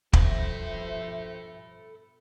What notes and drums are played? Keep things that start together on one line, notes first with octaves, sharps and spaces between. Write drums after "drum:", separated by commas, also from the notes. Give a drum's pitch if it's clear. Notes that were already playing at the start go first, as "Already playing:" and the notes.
G2 B2 F3 A4 C5 E5 B5, drum: kick